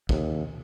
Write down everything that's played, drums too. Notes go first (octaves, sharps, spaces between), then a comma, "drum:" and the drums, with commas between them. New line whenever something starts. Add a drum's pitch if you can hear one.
D#2, drum: kick